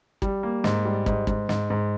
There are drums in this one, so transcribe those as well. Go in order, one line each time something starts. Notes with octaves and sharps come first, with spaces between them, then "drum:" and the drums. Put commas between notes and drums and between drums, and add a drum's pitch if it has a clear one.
G3, drum: kick
A#3
G#2, drum: snare
G3
G#2, drum: kick
G#2, drum: kick
G#2, drum: snare
G#2